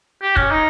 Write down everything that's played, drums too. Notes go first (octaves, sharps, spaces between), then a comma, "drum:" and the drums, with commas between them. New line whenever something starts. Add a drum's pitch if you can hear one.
G4
C#4, drum: kick
D#4